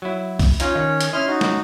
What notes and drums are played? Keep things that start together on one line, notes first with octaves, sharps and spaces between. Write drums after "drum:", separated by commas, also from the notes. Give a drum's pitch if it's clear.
F#3 E4
drum: kick B1, open hi-hat
C#4 D#4 F4 C#5, drum: hi-hat
D#3
drum: hi-hat
C#4 E4 D#5 C6 F6
D#4 F#4
drum: snare